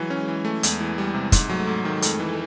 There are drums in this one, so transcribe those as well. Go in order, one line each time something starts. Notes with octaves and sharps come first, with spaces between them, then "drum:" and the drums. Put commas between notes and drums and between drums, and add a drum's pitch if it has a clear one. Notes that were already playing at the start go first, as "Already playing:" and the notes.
Already playing: E3 F#3 G#3 G#4
C#4
E3
A3
E2, drum: hi-hat
E3
G3
C3
G#2 A3 A4, drum: kick, hi-hat
F#3
G#2
D#3
F2, drum: hi-hat
E3